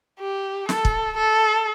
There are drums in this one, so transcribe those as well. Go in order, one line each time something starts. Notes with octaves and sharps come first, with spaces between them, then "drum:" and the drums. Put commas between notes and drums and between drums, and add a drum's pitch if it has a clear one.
G4
A4, drum: snare
drum: kick
A4